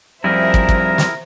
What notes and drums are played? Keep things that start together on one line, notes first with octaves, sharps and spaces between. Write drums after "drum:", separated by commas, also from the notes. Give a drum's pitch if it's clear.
F2 G3 E4 G#4 A#4 C5 E5 A#5
drum: kick
drum: kick
drum: snare